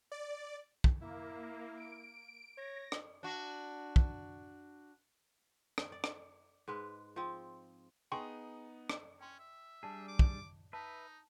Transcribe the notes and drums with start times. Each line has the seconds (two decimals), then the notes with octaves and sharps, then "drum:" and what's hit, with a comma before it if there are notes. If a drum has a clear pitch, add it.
0.12 D5
0.84 drum: kick
1.02 A#3 E4
1.77 D7
2.57 C#5 A#6
2.92 drum: rim click
3.23 D4 F#4
3.96 drum: kick
5.78 drum: rim click
5.92 D5
6.04 drum: rim click
6.68 G#2 G#3 B4
7.16 F3 C4
8.12 B3 D#4 G#4 G5 C6 C#6
8.89 drum: rim click
9.21 C#4 G5 C6
9.39 E5
9.83 G3 D4 G#4 A5
10.08 D6
10.19 drum: kick
10.73 D#4 B4 E5 A5